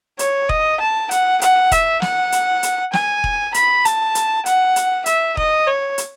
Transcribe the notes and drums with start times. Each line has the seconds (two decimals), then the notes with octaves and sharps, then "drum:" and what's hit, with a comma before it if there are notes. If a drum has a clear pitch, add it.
0.19 C#5, drum: hi-hat
0.49 D#5, drum: kick E1
0.80 A5
1.11 F#5, drum: hi-hat
1.41 F#5, drum: hi-hat
1.71 E5, drum: kick E1, hi-hat
2.02 F#5, drum: snare
2.32 drum: hi-hat
2.63 drum: hi-hat
2.93 G#5, drum: snare
3.24 drum: kick E1
3.54 B5, drum: hi-hat
3.85 A5, drum: hi-hat
4.15 drum: hi-hat
4.46 F#5, drum: hi-hat
4.76 drum: hi-hat
5.06 E5, drum: hi-hat
5.37 D#5, drum: kick E1
5.67 C#5
5.98 drum: hi-hat